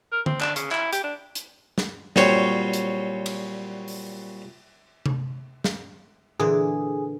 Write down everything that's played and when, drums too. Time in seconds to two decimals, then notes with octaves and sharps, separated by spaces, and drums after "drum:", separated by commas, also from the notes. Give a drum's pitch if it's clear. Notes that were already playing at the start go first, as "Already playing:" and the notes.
0.12 A#4
0.26 C4, drum: tom D3
0.41 D4, drum: clap
0.56 C#3, drum: hi-hat
0.71 E4, drum: clap
0.93 G4, drum: hi-hat
1.04 D4
1.35 drum: hi-hat
1.78 drum: snare
2.16 A#2 F#3 G3 C4 C5 C#5, drum: snare
2.73 drum: hi-hat
3.26 drum: cymbal
3.88 drum: open hi-hat
5.06 drum: tom C3
5.64 drum: snare
6.40 A#2 D3 E3 G#4